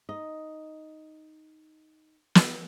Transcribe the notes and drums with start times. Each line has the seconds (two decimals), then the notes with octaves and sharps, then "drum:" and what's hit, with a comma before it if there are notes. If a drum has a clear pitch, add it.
0.09 D#4 D#5
2.35 drum: snare